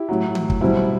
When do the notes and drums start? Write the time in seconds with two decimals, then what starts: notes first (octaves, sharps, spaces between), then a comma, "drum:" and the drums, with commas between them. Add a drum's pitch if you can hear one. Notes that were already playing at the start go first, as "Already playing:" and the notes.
Already playing: E4 G4
0.09 A2 F#3
0.35 drum: tom D#3
0.50 drum: kick
0.61 B2 G3 C4 E4